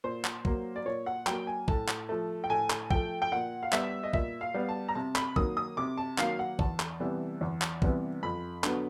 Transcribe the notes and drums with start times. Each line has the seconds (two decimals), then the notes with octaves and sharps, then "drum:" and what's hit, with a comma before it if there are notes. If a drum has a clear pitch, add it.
0.04 A#2 C5
0.24 drum: clap
0.45 F#3 A#3, drum: kick
0.76 D5
0.85 A#2 C#5
1.06 F#5
1.27 F#3 A#3 G5, drum: clap
1.47 G#5
1.68 A2 A5, drum: kick
1.88 drum: clap
2.09 F3 A3
2.44 G5
2.50 A2 G#5
2.70 drum: clap
2.91 F3 A3 G5, drum: kick
3.22 G5
3.32 A#2 F#5
3.63 F5
3.72 G3 B3 E5, drum: clap
4.03 D#5
4.13 A#2 E5, drum: kick
4.41 F5
4.54 G3 B3
4.69 A5
4.88 A#5
4.95 C3 A5
5.16 B5, drum: clap
5.36 D#3 F#3 A#3 D#6, drum: kick
5.57 D#6
5.77 C3 D6
5.98 A5
6.18 D#3 F#3 A#3 F5, drum: clap
6.39 F#5
6.59 E2 A5, drum: kick
6.80 drum: clap
7.00 C3 E3 G3 B3
7.41 E2
7.62 drum: clap
7.82 C3 E3 G3 B3, drum: kick
8.23 F2 B5
8.64 D3 F#3 B3, drum: clap